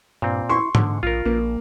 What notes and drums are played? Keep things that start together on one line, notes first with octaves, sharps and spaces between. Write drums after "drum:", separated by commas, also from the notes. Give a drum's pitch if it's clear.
G2 A#2 C4
E4 C6 C#6
G#2 D3, drum: tom G#2
A#1 F4 A#4
A#1 A#3